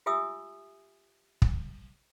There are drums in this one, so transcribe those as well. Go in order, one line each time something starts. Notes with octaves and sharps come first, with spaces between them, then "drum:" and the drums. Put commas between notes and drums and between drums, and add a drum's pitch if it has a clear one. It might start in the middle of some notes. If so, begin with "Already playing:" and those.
F4 G4 E5 G#5 D#6 E6
drum: kick